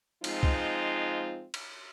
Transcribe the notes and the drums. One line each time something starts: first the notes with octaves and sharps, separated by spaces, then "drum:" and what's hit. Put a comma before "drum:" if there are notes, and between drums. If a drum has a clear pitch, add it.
F3 G#3 C4 D#4 F4, drum: cymbal
drum: kick
drum: cymbal